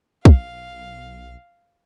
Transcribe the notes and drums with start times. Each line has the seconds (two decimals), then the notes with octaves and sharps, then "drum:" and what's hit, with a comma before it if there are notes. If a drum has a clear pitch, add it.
0.25 B1 F5, drum: kick